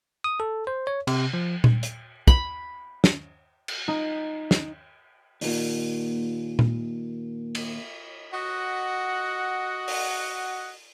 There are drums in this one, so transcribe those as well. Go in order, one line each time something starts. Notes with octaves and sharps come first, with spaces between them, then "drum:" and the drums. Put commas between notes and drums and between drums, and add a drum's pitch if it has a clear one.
D#6
A4
C5
C#5
C3, drum: cymbal
F3
drum: tom A#2
drum: hi-hat
B5, drum: kick
drum: snare
drum: cymbal
D#4
drum: snare
D#2 A#2, drum: open hi-hat
drum: tom A#2
drum: cymbal
F#4 D#5 F#5
drum: open hi-hat